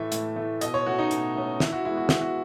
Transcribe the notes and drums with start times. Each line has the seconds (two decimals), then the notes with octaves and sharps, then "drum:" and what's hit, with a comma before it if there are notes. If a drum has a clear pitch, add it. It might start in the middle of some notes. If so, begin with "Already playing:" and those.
Already playing: A2 E3 A3 E5
0.12 A2, drum: hi-hat
0.36 E3 A3
0.61 B2 D#5, drum: hi-hat
0.74 C#5
0.86 A3 C#4 F#4
0.99 D#4
1.11 B2, drum: hi-hat
1.36 A3 C#4
1.60 E3 E4, drum: snare
1.73 F#4
1.85 G#3 B3 E4
1.97 F#4
2.09 E3 E4, drum: snare
2.21 F#4